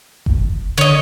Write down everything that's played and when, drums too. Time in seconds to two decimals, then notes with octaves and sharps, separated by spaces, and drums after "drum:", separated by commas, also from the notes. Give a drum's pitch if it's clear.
0.26 drum: kick F#1
0.78 D3 C#5 D#5